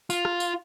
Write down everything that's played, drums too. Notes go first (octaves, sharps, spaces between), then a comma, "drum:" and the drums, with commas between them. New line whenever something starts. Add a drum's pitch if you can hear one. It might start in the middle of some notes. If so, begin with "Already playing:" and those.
F4, drum: tambourine
drum: rim click
drum: tambourine